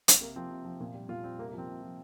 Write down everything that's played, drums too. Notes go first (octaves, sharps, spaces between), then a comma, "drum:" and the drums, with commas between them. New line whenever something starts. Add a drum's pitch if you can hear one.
drum: hi-hat
C3 A#3
F3 C4
C3
F3
A#2
G3
A#2 F4
G3 C4
C3 A#3
A#3
F3 C4
C3
F3